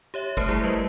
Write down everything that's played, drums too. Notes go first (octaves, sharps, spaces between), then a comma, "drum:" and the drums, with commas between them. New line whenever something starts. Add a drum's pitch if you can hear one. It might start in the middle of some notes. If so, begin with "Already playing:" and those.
G4 C#5 E5
A3 G4 A#4 C5 A5 C7, drum: kick G1
G3 E4 G#4 A#5
G3 B4 D#5